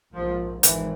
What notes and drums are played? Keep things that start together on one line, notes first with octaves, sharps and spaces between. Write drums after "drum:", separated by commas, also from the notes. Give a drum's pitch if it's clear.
A#1 G#2 F3
G#1 G#2 E3, drum: hi-hat